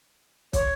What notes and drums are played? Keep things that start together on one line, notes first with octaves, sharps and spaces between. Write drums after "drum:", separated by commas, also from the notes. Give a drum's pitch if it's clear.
C#5, drum: kick, hi-hat